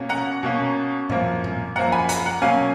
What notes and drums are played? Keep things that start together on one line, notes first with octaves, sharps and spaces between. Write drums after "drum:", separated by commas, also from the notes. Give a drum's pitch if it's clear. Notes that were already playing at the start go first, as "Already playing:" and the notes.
Already playing: B2 A#3 C#4
F#5 A#5
B2 A#3 C#4
F#2 F3 A#3, drum: tom A#2
drum: tom A#2
F#2 F3 A#3 F#5 A#5
G#5 B5
F#5 A#5, drum: hi-hat
F#5 A#5
B2 F#3 A#3 C#4 F5 G#5